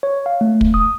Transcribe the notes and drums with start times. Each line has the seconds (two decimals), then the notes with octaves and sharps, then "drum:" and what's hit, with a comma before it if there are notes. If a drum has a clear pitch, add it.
0.03 C#5
0.26 F5
0.41 A3
0.61 drum: kick
0.74 D#6